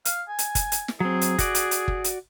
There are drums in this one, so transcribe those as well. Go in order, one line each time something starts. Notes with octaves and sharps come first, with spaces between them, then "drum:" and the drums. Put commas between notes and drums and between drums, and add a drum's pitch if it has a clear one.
F5, drum: hi-hat
G#5
drum: hi-hat
drum: kick, hi-hat
drum: hi-hat
drum: snare
F#3 C4 G#4
drum: hi-hat
F#4 D5, drum: kick, hi-hat
drum: hi-hat
drum: hi-hat
drum: kick
drum: hi-hat